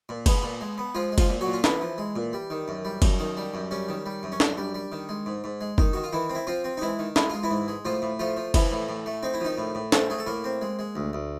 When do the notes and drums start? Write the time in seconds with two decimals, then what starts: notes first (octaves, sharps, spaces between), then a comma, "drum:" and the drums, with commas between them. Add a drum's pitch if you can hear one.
0.09 A#2
0.26 G#3 B3 B4, drum: kick F#1, cymbal
0.43 A#2
0.61 G#3
0.78 B3
0.95 F3 G#3 F4
1.12 G#3
1.18 F3 F4, drum: kick F#1, cymbal
1.29 A#2
1.41 F#3 F#4
1.47 A#2
1.53 F4
1.64 E3 B3 E4, drum: snare
1.81 F3
1.98 G#3
2.16 A#2
2.33 G3
2.50 D#3
2.68 F#2
2.85 G3
3.02 F#2, drum: kick F#1, cymbal
3.19 D#3
3.37 G3
3.54 F#2
3.71 G3 C#4
3.89 D#3
4.06 G3
4.23 F#2
4.32 C#4
4.40 F#2 D4, drum: snare
4.58 G3
4.74 G3
4.92 D#3
5.09 G#3
5.26 G#2
5.44 G#2
5.61 G#3
5.78 D#3 D#4, drum: kick F#1
5.93 D#3 F#4
6.04 F4
6.12 D#3 E3 E4
6.30 C4
6.35 E4
6.47 F3 C4 F4
6.64 C4
6.77 D#4
6.81 E3 G#3 E4
6.99 D#3
7.16 G#3 E4, drum: snare
7.30 G#3 F4
7.43 E3 E4
7.51 G#2
7.68 G#3
7.85 A2 F3 F4
8.02 A2
8.19 F3 A3 F4
8.37 F3
8.54 E3 F3 E4, drum: kick F#1, cymbal
8.72 A2
8.89 A2
9.06 A3
9.23 C4 D#4
9.34 E4
9.40 D#3 F3 D#4
9.58 A2
9.75 A2
9.92 A3 C4 A4, drum: snare
10.10 A3 G#4
10.19 A4
10.27 A2 A#3 A#4
10.44 C4
10.61 G#3
10.79 G#3
10.95 D2
11.13 D2